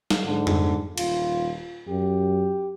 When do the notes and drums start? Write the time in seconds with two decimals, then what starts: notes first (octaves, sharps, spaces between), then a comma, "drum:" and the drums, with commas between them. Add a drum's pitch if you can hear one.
0.10 drum: snare
0.25 G#2 D3
0.47 drum: tom F2
0.98 D#1 F4, drum: cymbal
1.88 F#2 G4